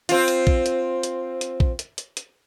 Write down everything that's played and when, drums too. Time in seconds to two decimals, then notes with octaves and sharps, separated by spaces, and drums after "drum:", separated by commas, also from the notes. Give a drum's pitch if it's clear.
0.09 C4 F4, drum: hi-hat
0.28 drum: hi-hat
0.47 drum: kick A#1
0.66 drum: hi-hat
1.03 drum: hi-hat
1.41 drum: hi-hat
1.60 drum: kick A#1
1.79 drum: hi-hat
1.98 drum: hi-hat
2.17 drum: hi-hat